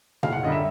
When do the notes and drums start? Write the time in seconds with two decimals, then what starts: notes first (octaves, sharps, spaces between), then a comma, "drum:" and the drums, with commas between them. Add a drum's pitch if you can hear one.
0.23 F#1 F5, drum: tom A#2
0.33 F#5
0.43 F#2 D3 G3 D#5
0.52 E5